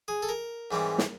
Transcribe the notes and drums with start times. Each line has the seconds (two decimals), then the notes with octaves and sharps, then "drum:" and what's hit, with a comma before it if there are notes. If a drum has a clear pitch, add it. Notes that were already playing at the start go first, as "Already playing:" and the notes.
0.08 G#4
0.22 A4
0.29 A#4
0.71 G#2 E3 G3 C4
0.98 drum: snare